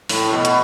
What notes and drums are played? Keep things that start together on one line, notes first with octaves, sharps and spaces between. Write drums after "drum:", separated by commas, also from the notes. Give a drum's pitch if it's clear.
A2, drum: open hi-hat
B2
drum: hi-hat